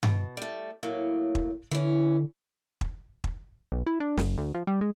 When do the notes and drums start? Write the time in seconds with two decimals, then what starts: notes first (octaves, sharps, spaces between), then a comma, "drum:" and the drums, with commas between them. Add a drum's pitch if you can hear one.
0.03 B2, drum: tom G2
0.37 G3 A3
0.83 A2 F#3 A#3
1.35 drum: kick
1.71 D3 E3 C#4
2.81 drum: kick
3.24 drum: kick
3.72 B1
3.86 E4
4.00 D4
4.17 F#1, drum: snare
4.38 D2
4.54 F3
4.67 G3
4.81 G#3